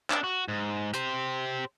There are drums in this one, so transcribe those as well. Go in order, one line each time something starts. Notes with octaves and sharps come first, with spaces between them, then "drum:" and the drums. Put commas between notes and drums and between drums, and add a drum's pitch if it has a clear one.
D4, drum: clap
F#4
G#2
G4 C5, drum: hi-hat